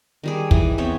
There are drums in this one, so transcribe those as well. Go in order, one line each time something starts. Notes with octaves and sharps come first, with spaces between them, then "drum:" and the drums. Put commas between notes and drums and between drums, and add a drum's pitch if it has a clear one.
D#3 G3 G#4
E3 G#4 E5, drum: kick
B3 C4 C#5 E5